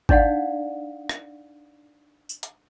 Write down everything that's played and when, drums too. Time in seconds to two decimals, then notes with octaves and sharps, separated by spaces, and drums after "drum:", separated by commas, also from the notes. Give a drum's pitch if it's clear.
0.09 D4 D#4 D5 F5 F#5, drum: kick G#1
1.09 drum: rim click
2.29 drum: tambourine
2.43 drum: hi-hat